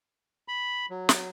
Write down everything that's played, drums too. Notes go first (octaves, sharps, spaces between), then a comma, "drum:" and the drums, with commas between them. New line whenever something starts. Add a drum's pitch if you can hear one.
B5
F#3
drum: snare